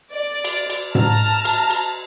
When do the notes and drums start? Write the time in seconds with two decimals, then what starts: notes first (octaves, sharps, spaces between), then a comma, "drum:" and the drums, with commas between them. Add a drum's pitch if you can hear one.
0.13 D5
0.45 drum: cymbal
0.70 drum: cymbal
0.95 A5 A#5 F6, drum: tom
1.45 drum: cymbal
1.70 drum: cymbal